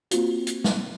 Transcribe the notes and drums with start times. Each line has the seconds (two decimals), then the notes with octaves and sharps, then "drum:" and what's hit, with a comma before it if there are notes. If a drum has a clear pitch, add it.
0.11 A#3 C4 F4 F#4, drum: hi-hat
0.47 drum: hi-hat
0.64 drum: snare